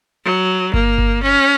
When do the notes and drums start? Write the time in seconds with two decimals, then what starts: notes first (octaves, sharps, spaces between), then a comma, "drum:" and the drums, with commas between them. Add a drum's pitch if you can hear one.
0.25 F#3
0.74 A#3, drum: kick G1
0.98 drum: kick G1
1.23 C#4